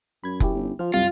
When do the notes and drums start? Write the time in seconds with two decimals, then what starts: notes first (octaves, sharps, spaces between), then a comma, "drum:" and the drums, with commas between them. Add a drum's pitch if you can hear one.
0.24 F#2 B5 G#6
0.40 C#4 E4 G4, drum: kick F1
0.54 G1
0.79 F3 F4 F6
0.94 C2 F#2 G3 F4